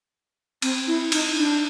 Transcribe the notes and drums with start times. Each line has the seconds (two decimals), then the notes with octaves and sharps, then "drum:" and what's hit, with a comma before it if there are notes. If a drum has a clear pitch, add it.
0.62 C4, drum: cymbal
0.87 E4
1.12 D#4, drum: cymbal
1.36 D4